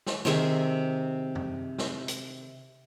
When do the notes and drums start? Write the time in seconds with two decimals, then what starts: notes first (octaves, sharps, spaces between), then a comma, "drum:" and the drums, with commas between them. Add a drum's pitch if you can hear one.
0.07 drum: snare
0.25 C3 D#3 G#4 E5, drum: snare
1.35 drum: tom
1.78 drum: snare
2.08 drum: hi-hat